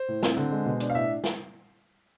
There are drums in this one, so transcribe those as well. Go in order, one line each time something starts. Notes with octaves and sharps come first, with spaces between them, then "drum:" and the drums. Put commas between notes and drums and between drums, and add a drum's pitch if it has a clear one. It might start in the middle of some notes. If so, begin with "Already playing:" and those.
Already playing: C5
A2
C4, drum: snare
D3
G#3
B2
D4, drum: hi-hat
F5
A2 E5
drum: snare